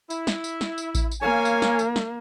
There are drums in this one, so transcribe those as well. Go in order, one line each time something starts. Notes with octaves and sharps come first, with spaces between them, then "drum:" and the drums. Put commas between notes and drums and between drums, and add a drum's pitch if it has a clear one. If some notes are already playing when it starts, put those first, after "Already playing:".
E4, drum: tambourine
drum: snare
drum: tambourine
drum: snare
drum: tambourine
drum: kick A1, tambourine
drum: tambourine
A#3 C#5 F5 G#5
drum: tambourine
drum: snare
drum: tambourine
drum: snare